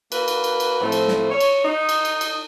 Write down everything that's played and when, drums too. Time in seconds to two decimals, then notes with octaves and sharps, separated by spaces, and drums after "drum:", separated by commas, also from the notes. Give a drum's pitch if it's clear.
0.12 A#3 F#4 B4, drum: cymbal
0.28 drum: cymbal
0.44 drum: cymbal
0.60 drum: cymbal
0.81 A2 F3 A3 C4
0.92 drum: cymbal
1.08 drum: snare
1.30 C#5
1.40 drum: cymbal
1.64 D#4
1.89 drum: cymbal
2.05 drum: cymbal
2.21 drum: cymbal